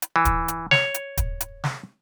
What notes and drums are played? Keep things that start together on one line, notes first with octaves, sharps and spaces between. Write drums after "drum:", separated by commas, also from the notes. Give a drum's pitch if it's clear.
drum: hi-hat
E3
drum: kick, hi-hat
drum: hi-hat
C#5, drum: snare
drum: hi-hat
drum: kick, hi-hat
drum: hi-hat
drum: snare